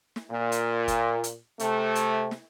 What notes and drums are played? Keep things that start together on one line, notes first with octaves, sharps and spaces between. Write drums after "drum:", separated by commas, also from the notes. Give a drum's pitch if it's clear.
drum: snare
A#2
drum: hi-hat
drum: kick, hi-hat
drum: hi-hat
C3 A3, drum: hi-hat
drum: hi-hat
drum: snare